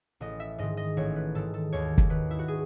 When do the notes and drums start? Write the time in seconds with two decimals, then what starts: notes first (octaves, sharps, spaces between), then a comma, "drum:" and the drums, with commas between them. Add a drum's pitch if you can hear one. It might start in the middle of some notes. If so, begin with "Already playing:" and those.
0.20 A1 D#5
0.40 E5
0.58 G#2 D#3 D#5
0.77 D#5
0.97 A1 C#5
1.16 B4
1.35 G#2 D#3 A4
1.54 A4
1.72 D#2 C#5
1.98 drum: kick
2.10 D#3 B4
2.31 E4
2.39 F#4
2.48 G#4